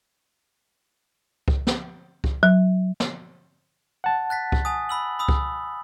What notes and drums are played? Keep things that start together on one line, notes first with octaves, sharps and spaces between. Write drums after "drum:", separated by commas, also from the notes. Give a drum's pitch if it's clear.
drum: kick C#2
drum: snare
drum: kick C#2
F#3
drum: snare
F#5 A5
F#6 A6 B6
drum: kick C#2
G#5 D#6
B5 E6 F#7
B5 D#6 E6
drum: kick C#2